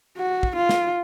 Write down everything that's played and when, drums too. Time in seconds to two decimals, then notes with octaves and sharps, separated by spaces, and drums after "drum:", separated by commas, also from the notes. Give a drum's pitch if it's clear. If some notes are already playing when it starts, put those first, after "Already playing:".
0.17 F#4
0.43 drum: kick
0.56 F4
0.69 drum: snare